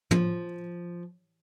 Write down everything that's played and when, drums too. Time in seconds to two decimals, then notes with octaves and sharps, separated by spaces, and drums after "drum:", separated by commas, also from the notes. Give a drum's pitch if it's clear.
0.11 F3, drum: tom